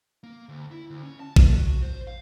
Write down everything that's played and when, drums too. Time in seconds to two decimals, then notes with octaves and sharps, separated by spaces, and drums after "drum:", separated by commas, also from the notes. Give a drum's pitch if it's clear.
0.23 A#3
0.49 D2
0.71 E4
0.90 D2
1.03 C#4
1.20 A5
1.36 F#3, drum: kick
1.52 F#4
1.83 C5
2.07 F5